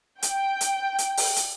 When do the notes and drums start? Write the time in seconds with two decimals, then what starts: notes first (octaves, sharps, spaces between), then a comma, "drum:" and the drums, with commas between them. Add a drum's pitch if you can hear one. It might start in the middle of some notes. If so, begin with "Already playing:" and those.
0.22 G5, drum: hi-hat
0.61 drum: hi-hat
0.98 drum: hi-hat
1.17 drum: open hi-hat
1.36 drum: hi-hat